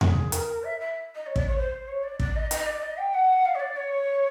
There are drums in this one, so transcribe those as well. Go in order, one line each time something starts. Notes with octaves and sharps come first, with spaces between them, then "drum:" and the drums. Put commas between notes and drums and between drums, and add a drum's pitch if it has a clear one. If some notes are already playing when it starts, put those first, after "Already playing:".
G#4, drum: tom E2
A#4, drum: hi-hat
E5
E5
D#5
C#5
D5, drum: kick
C#5
C5
C#5
D5
D5, drum: kick
D#5
D#5, drum: hi-hat
D5
D#5
G5
F#5
F5
C#5
D5
C#5